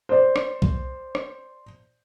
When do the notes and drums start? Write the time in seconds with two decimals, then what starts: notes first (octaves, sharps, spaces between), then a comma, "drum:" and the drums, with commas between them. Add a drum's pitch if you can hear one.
0.09 C5 D5
0.36 drum: rim click
0.62 drum: kick B1
1.15 drum: rim click